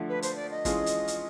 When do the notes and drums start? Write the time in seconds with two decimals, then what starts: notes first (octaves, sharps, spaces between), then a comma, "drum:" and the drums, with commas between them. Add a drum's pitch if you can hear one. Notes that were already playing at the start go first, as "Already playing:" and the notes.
Already playing: D3 F3 A3
0.09 B4
0.22 C5, drum: hi-hat
0.36 D5
0.51 D#5
0.65 E3 G#3 C#4 F4 G#4, drum: kick, hi-hat
0.86 drum: hi-hat
1.08 drum: hi-hat